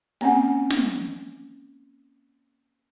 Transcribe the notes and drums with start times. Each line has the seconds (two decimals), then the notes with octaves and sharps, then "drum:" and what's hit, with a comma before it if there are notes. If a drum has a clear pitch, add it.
0.21 A#3 C4 C#4 F#5 G#5, drum: hi-hat
0.70 drum: snare